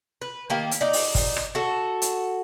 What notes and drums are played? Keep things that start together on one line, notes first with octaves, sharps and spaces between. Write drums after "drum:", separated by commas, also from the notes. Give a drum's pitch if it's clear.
B4
D#3 A#3 G4
drum: hi-hat
D#4 D5
drum: open hi-hat
drum: kick, open hi-hat
drum: rim click
F#4 A4
drum: hi-hat